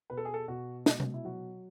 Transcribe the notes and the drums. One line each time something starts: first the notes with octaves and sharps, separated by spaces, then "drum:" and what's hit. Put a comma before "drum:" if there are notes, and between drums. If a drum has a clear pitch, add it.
B2 B4
A4
G#4
A4
B2 F#4
B2, drum: snare
drum: tom C3
E4
F#3 F#4